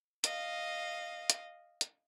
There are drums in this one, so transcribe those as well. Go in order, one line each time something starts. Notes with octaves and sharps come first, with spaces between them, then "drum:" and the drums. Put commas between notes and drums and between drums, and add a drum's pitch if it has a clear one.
D#5 F5, drum: hi-hat
drum: hi-hat
drum: hi-hat